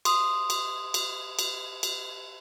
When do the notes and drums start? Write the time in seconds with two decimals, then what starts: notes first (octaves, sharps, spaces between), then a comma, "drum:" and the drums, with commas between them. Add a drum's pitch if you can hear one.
0.05 C6 D#6, drum: cymbal
0.50 drum: cymbal
0.94 drum: cymbal
1.39 drum: cymbal
1.83 drum: cymbal